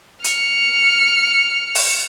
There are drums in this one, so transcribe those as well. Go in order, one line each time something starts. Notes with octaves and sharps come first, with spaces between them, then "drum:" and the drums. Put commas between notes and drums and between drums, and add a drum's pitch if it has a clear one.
F6 C#7, drum: hi-hat
drum: open hi-hat